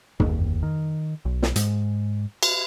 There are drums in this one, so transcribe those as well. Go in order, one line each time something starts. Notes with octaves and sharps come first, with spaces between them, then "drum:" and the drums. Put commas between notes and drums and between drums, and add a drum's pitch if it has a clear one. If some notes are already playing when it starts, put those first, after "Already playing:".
G1 D#2, drum: tom
D#3
B1
drum: snare
G#2 G#3, drum: hi-hat
drum: cymbal